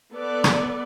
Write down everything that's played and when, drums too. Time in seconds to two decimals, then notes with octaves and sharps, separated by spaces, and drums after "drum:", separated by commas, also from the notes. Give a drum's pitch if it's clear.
0.12 B3 A4 B4 D5
0.44 drum: rim click